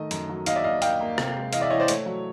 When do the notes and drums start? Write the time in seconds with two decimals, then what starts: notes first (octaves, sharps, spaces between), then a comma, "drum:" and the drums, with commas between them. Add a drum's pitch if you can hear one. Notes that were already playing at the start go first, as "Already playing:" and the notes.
Already playing: D#3 A3 D#5
0.11 F#2, drum: hi-hat
0.29 F#3
0.46 D#2 D#5 F5, drum: hi-hat
0.56 D5 E5
0.64 D#2 D#5 F5
0.82 A#3 F5 G5, drum: hi-hat
1.01 A#3
1.18 C3, drum: rim click
1.36 G#3
1.53 E3 D#5 F5, drum: hi-hat
1.61 D5 E5
1.70 E3 C#5 D#5
1.80 C5 D5
1.88 A3 C#5, drum: hi-hat
2.06 F#3